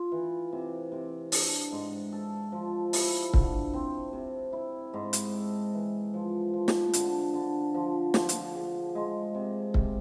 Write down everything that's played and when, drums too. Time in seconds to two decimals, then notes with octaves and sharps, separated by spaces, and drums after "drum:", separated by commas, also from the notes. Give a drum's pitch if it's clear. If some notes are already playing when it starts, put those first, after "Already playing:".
Already playing: F4
0.12 E3
0.53 C3
0.92 C3
1.32 D4, drum: open hi-hat
1.72 G#2
2.13 A4
2.52 F3
2.93 E4, drum: open hi-hat
3.34 D3, drum: kick C#1
3.74 C4
4.13 C3
4.53 E4
4.94 G#2
5.13 drum: hi-hat
5.33 A4
5.74 E3
6.14 F3
6.54 F3
6.68 drum: snare
6.93 D3, drum: hi-hat
7.34 D3
7.74 F3
8.14 F3, drum: snare
8.29 drum: hi-hat
8.55 G#4
8.95 G#3
9.35 C3
9.74 C3, drum: kick C#1